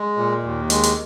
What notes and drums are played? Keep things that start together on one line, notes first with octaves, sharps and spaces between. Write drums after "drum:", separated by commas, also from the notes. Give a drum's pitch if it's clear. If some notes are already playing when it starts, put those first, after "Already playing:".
Already playing: G#3
A#2
D#2
G#3, drum: hi-hat
drum: hi-hat